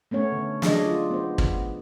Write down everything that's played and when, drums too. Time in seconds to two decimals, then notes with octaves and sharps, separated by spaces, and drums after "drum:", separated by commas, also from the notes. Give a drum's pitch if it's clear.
0.11 A3 B3 C#4 C#5
0.32 D3
0.62 F#3 D4 G#4 D#5, drum: snare
0.85 F4
1.11 B3 C5
1.38 B3, drum: kick